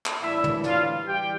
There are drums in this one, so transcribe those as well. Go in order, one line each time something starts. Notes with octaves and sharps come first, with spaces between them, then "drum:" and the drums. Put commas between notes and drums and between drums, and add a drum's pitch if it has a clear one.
drum: clap
A2 E3 G3 D4 E4 E5
drum: tom
F4 F5, drum: snare
E3 G3 G4 G5